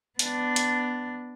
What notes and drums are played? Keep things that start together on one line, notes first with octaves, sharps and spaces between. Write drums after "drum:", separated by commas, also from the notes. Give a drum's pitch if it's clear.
B3 D4, drum: hi-hat
drum: hi-hat